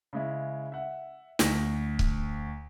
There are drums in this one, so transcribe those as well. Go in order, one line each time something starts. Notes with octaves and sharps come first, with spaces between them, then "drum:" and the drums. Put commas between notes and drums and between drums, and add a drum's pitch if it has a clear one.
C#3 G#3 E4
E5 F#5
D2 A#6, drum: snare
drum: kick C#1